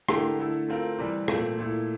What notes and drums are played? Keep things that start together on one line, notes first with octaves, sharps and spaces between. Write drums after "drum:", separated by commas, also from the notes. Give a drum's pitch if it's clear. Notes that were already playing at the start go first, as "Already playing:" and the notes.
D3 A3 E4 G4 A#4, drum: rim click
D3 A3 E4 A4
A3 C4 F4 A#4
C3 E3 G3
A#2 A3 C4 F4, drum: rim click
A#2 A3 E4